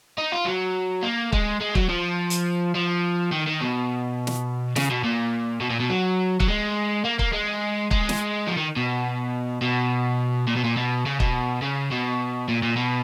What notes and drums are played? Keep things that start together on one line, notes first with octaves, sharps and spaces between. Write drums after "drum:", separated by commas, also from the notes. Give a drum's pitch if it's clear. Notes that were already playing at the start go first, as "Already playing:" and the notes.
D#4
F4
F#3
A#3
G#3, drum: kick
G#3
F#3, drum: kick
F3
drum: hi-hat
F3
D#3
D#3
B2
drum: snare
C#3, drum: snare
B2
A#2
B2
A#2
B2
F#3
F#3, drum: kick
G#3
A#3
A#3, drum: kick
G#3
G#3, drum: kick
drum: snare
F3
D#3
B2
B2
A#2
B2
A#2
B2
C#3
B2, drum: kick
C#3
B2
A#2
A#2
B2